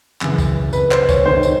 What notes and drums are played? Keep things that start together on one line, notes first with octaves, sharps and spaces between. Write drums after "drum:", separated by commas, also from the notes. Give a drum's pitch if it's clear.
F#2 C#3 E3, drum: clap
drum: kick C#2, tambourine
B4, drum: tambourine
C5, drum: clap
C#5, drum: kick C#2, tambourine
G#2 D#3 C5
drum: tambourine